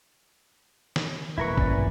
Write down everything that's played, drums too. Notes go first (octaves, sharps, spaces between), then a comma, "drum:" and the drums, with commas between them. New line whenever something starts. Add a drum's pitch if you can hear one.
drum: snare
E1 A#1 E2 E4 A#4 B4 C#6
G2 E3 C#4 D5, drum: kick A1